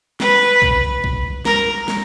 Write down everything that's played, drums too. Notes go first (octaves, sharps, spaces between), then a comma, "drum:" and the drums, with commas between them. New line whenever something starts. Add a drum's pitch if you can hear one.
B4, drum: snare
drum: kick B1
drum: kick B1
A#4, drum: snare
drum: snare